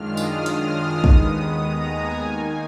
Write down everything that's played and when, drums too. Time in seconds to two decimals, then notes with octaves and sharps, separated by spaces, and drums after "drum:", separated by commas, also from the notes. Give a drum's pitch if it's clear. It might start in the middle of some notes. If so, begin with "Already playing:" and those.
Already playing: F#2 D#3 G#3 D4 F4 F6
0.17 D#6, drum: tambourine
0.46 F6, drum: hi-hat
0.75 D#6
1.04 D#2 D#3 G#3 B3, drum: kick
1.61 A#5
1.90 G#5
2.19 D#3 A#3 D#4